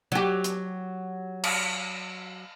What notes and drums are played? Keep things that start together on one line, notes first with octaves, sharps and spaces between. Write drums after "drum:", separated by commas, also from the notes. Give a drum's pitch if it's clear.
F#3 G4
drum: hi-hat
drum: cymbal